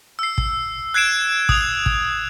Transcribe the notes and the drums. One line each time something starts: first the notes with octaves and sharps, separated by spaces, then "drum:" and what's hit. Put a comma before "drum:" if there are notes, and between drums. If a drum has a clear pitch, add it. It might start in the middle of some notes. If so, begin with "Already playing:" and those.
E6 C7
drum: kick
F#6 G#6 C7 D7 E7
D#6 F7, drum: kick
drum: kick